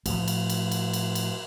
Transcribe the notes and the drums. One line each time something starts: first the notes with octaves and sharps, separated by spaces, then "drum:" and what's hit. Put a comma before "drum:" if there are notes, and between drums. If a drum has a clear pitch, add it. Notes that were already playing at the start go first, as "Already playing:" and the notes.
A2 F3 G3, drum: cymbal
drum: cymbal
drum: cymbal
drum: cymbal
drum: cymbal
drum: cymbal